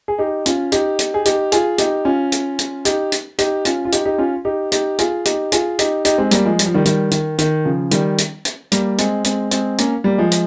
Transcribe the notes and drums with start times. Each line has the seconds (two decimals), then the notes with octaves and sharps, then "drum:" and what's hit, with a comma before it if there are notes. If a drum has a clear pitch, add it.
0.08 G#4
0.18 D#4 G4
0.46 C#4 F4, drum: hi-hat
0.72 D#4 G4, drum: hi-hat
0.99 drum: hi-hat
1.14 G#4
1.25 D#4 G4, drum: hi-hat
1.52 F4 G#4, drum: hi-hat
1.78 D#4 G4, drum: hi-hat
2.05 C#4 F4
2.32 drum: hi-hat
2.59 drum: hi-hat
2.85 D#4 G4, drum: hi-hat
3.12 drum: hi-hat
3.38 D#4 G4, drum: hi-hat
3.65 C#4 F4, drum: hi-hat
3.85 F4
3.92 D#4 G4, drum: hi-hat
4.05 D#4 G4
4.18 C#4 F4
4.45 D#4 G4
4.72 D#4 G4, drum: hi-hat
4.99 F4 G#4, drum: hi-hat
5.25 D#4 G4, drum: hi-hat
5.52 F4 G#4, drum: hi-hat
5.79 D#4 G4, drum: hi-hat
6.05 D#4 G4, drum: hi-hat
6.18 G#3 C4
6.31 G3 A#3, drum: hi-hat
6.45 F3 G#3
6.59 G3, drum: hi-hat
6.66 F3
6.74 D#3 G3
6.85 D#3 G3, drum: hi-hat
7.11 D#3, drum: hi-hat
7.38 D#3, drum: hi-hat
7.65 C#3 F3
7.91 D#3 G3, drum: hi-hat
8.18 drum: hi-hat
8.45 drum: hi-hat
8.72 G3 A#3, drum: hi-hat
8.98 G#3 C4, drum: hi-hat
9.24 G#3 C4, drum: hi-hat
9.51 G#3 C4, drum: hi-hat
9.78 A#3 C#4, drum: hi-hat
10.04 G3 A#3
10.18 F3 G#3
10.32 drum: hi-hat